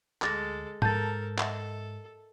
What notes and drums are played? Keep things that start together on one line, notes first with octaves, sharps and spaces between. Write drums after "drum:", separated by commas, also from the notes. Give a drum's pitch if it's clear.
D2 G#3 G#4 A4 F6 A6 A#6, drum: clap
G#2 A4 A#4 A5 G6 A6, drum: tom G#2
A4 D#5 E5 F#5, drum: clap